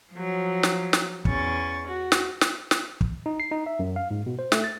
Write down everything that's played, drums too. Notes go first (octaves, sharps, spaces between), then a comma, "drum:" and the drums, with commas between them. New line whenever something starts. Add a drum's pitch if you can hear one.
F3 F#3
drum: snare
drum: snare
E2 C#4 C#6 A6, drum: kick
F#4
drum: snare
drum: snare
drum: snare
drum: kick
D#4
C7
D#4
E5
F#2
F5
G#2
B2
C5
A3, drum: snare
A6